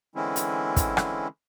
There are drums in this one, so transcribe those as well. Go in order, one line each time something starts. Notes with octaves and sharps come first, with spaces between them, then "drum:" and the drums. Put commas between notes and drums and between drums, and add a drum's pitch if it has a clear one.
D3 E3 G#3 C4 C#4 E4
drum: hi-hat
drum: kick, hi-hat
drum: rim click